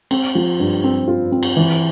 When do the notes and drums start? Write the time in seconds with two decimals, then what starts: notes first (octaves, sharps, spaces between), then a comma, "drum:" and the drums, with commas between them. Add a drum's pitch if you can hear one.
0.11 C4, drum: cymbal
0.35 F3
0.60 G2
0.84 C4
1.08 F4
1.32 C4
1.43 drum: cymbal
1.57 E3